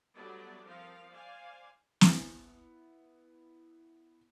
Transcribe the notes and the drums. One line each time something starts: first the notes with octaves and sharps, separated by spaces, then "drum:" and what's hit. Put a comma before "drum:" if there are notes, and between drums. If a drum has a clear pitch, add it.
F#3 G3 A3 B3 D4 D5
F3 C4 A#4 F5
C5 D5 F5 G#5
B3 E4, drum: snare